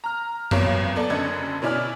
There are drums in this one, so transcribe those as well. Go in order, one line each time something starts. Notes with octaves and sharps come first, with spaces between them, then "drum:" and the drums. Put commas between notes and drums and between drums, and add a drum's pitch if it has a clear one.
A#5 F6
G#1 E2 F#3 A#3 C#5 D7, drum: tom F#2
B3 A4 D5
F#1 F#2 D3 D#5 G#6 C#7
B2 C#4 E4 D5 G#5 F6